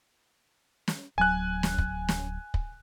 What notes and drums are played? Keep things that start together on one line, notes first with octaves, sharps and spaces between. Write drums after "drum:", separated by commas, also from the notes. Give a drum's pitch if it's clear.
drum: snare
D1 F#3 G#5 F#6
drum: snare
drum: kick
drum: snare
drum: kick